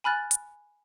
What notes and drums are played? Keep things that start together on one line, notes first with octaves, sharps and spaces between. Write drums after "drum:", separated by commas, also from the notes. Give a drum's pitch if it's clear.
G#5 B5 F6 F#6 A6
drum: hi-hat